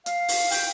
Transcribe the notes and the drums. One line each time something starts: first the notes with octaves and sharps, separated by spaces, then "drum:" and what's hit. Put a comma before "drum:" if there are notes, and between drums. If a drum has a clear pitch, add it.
F5, drum: hi-hat
drum: open hi-hat
G5, drum: open hi-hat